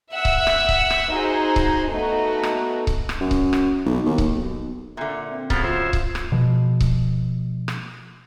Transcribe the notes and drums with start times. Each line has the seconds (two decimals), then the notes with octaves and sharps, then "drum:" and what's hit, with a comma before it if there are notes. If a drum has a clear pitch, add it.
0.14 E5 F#5 E6
0.25 drum: kick C#1
0.47 drum: rim click
0.69 drum: kick C#1
0.90 drum: rim click
1.12 D#4 F#4 G#4 C5
1.56 drum: kick C#1
1.89 A3 B3 D#4 F#4
2.43 drum: rim click
2.87 drum: kick C#1
3.09 drum: rim click
3.21 F#2
3.31 drum: kick C#1
3.53 drum: rim click
3.86 B1
4.06 D#2
4.18 drum: kick C#1
4.35 B1
4.97 A#2 D3 E5
5.30 C4
5.50 C#3 F3 F#3 B3 F4 A4, drum: kick C#1
5.64 F4 C5 E5 G#5
5.93 drum: kick C#1
6.15 drum: rim click
6.32 B2 F3
6.80 drum: kick C#1
7.68 drum: rim click